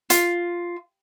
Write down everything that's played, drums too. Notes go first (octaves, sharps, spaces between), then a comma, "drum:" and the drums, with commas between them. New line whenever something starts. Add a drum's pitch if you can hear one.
F4, drum: hi-hat